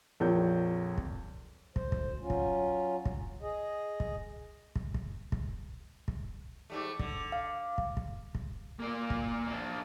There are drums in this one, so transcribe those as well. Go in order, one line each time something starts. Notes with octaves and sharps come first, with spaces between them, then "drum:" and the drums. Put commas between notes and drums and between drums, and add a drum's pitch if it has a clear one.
A#1 F2 A#4 C#5 G6
drum: kick
D2 C5, drum: kick
drum: kick
F#3 C#4 F4
drum: kick
drum: kick
G#4 D#5
drum: kick
drum: kick
drum: kick
drum: kick
drum: kick
G#2 G3 A3
D3, drum: kick
F5
drum: kick
drum: kick
drum: kick
A#3 D5
drum: kick
A#3 D4